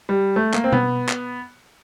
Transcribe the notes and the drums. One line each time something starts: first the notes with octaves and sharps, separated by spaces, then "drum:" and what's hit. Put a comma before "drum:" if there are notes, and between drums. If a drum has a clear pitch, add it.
G3
A3
A#3, drum: clap
C4
B3, drum: tom B2
drum: clap